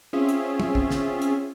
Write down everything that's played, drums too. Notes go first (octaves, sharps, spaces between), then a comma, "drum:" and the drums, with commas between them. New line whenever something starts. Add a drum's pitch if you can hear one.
C4 C#4 F4 G#4 E5
drum: hi-hat
drum: tom
drum: kick
drum: snare
drum: hi-hat